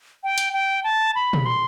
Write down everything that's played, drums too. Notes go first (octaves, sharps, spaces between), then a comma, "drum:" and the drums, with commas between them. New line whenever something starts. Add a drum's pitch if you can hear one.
G5
drum: hi-hat
G5
A5
B5
drum: tom
C6